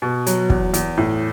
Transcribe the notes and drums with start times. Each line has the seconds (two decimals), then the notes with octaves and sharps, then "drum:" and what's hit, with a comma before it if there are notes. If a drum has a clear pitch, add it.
0.02 B2
0.26 F#3, drum: hi-hat
0.50 E2, drum: kick
0.74 E2, drum: hi-hat
0.98 A2